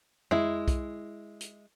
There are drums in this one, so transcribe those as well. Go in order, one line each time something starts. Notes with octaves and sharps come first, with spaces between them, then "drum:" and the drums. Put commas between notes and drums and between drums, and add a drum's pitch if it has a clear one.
G#3 E4, drum: tom
drum: kick B1, hi-hat
drum: hi-hat